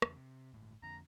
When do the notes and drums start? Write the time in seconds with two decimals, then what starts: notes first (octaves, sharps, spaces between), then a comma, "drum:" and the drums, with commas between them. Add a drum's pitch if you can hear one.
0.02 E2 C#3, drum: rim click
0.16 C3
0.53 G1 A2
0.83 F2 D3 A#5